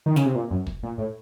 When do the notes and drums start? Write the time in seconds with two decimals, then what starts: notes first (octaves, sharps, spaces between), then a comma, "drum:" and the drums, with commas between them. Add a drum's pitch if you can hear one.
0.06 D#3
0.16 C#3, drum: snare
0.25 C3
0.35 A#2
0.51 F#2
0.67 drum: kick
0.83 A#2
0.98 A2